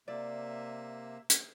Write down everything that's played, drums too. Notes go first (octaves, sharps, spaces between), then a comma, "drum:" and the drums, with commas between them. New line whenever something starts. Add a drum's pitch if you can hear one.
C3 A#3 D5 E5
drum: hi-hat